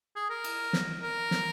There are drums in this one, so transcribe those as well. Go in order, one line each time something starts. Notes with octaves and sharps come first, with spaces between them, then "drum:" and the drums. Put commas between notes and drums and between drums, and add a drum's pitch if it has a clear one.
G#4
A#4
drum: cymbal
drum: snare
A#4
drum: snare